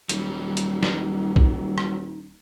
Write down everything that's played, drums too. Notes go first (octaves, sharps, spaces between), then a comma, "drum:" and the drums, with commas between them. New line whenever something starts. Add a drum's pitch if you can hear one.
D#1 F#3 G3 D#4, drum: hi-hat
drum: hi-hat
drum: snare
drum: kick
drum: rim click